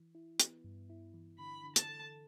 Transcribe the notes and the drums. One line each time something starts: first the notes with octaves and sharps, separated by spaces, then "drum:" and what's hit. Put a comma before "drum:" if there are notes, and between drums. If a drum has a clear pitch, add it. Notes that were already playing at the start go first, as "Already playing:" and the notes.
Already playing: E3
E4
B3, drum: hi-hat
G2
E4
E3
D3 B5
D3
A5, drum: hi-hat
A4